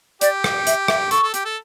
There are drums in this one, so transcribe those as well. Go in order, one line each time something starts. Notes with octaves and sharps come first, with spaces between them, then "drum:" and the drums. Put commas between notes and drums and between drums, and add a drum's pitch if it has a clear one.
G4 D5, drum: hi-hat
drum: rim click
E5, drum: hi-hat
E5, drum: rim click
A4 C#6, drum: hi-hat
A4
G4, drum: hi-hat
A4